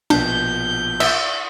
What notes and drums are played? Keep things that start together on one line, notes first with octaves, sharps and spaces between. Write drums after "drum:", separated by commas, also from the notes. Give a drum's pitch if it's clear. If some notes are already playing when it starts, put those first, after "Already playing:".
A#1 B2 D4 G6, drum: cymbal
E5, drum: cymbal